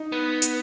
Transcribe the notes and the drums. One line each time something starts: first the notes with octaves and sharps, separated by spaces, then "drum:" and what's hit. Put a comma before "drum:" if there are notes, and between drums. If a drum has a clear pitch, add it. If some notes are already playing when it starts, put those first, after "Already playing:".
Already playing: D#4
B3
drum: hi-hat